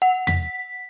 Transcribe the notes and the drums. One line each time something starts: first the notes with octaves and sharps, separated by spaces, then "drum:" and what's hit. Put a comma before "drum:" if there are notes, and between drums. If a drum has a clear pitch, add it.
F#5
B6, drum: tom